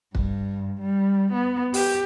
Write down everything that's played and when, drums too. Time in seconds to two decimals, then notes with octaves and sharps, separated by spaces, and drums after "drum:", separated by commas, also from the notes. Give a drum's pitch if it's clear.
0.15 G2, drum: kick
0.80 G3
1.33 B3
1.74 G4, drum: open hi-hat